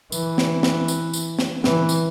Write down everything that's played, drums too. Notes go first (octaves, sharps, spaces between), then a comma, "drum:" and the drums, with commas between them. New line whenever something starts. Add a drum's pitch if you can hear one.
E3, drum: tambourine
drum: snare
drum: snare
drum: tambourine
drum: tambourine
drum: snare
E3, drum: snare
drum: tambourine